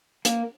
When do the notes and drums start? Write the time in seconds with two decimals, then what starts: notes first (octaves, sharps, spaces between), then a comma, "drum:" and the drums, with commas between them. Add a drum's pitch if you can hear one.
0.25 A#3, drum: hi-hat